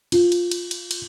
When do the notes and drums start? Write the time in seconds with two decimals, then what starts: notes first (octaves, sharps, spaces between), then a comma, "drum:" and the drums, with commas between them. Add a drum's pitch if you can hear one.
0.12 F4, drum: cymbal
0.32 drum: cymbal
0.51 drum: cymbal
0.71 drum: cymbal
0.91 drum: cymbal